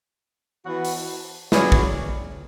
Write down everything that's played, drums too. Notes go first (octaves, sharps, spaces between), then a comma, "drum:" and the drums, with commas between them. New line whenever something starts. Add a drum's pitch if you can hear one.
E3 B3 F#4
drum: open hi-hat
F#3 C#4 G#4 B4 D5, drum: snare
drum: kick